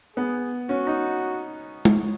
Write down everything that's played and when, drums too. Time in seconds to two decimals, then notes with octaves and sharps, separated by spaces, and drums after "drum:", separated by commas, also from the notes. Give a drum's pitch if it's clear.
0.16 B3 G#4
0.69 C#4 F#4
0.87 D#4
1.85 drum: tom